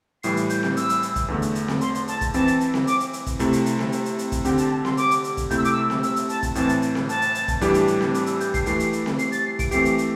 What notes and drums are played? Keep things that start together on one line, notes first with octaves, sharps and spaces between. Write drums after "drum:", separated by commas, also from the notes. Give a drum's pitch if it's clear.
A2 E3 G3 C7, drum: hi-hat
drum: hi-hat
G6, drum: hi-hat
drum: snare C4
E6, drum: hi-hat
drum: hi-hat
drum: hi-hat
drum: kick, hi-hat
E2 D3 A3
drum: hi-hat
drum: hi-hat
drum: snare C4
C6, drum: hi-hat
drum: hi-hat
A5, drum: hi-hat
drum: kick, hi-hat
E3 C4 E4 A5, drum: hi-hat
drum: hi-hat
drum: hi-hat
drum: snare C4
D6, drum: hi-hat
drum: hi-hat
drum: hi-hat
drum: kick, hi-hat
C3 A3 E4, drum: hi-hat
drum: hi-hat
drum: hi-hat
drum: snare C4
drum: hi-hat
drum: hi-hat
drum: hi-hat
drum: kick, hi-hat
D3 C4 G4 G5, drum: hi-hat
A5, drum: hi-hat
A5
C6, drum: snare C4
D6, drum: hi-hat
drum: hi-hat
drum: hi-hat
drum: kick, hi-hat
C3 A3 E4 G6, drum: hi-hat
E6
D6, drum: hi-hat
E6
drum: snare C4
E6, drum: hi-hat
drum: hi-hat
A5, drum: hi-hat
drum: kick, hi-hat
A2 E3 C4 A5, drum: hi-hat
drum: hi-hat
drum: hi-hat
drum: snare C4
A5, drum: hi-hat
drum: hi-hat
drum: hi-hat
drum: kick, hi-hat
A2 E3 G3 D4 G4, drum: hi-hat
drum: hi-hat
drum: hi-hat
drum: snare C4
D6, drum: hi-hat
E6, drum: hi-hat
G6, drum: hi-hat
C7, drum: kick, hi-hat
E3 A3 E4 G4 C7, drum: hi-hat
drum: hi-hat
drum: hi-hat
drum: snare C4
C7, drum: hi-hat
A6, drum: hi-hat
C7
D7, drum: kick, hi-hat
E3 A3 C4 G4 C7, drum: hi-hat
drum: hi-hat
drum: hi-hat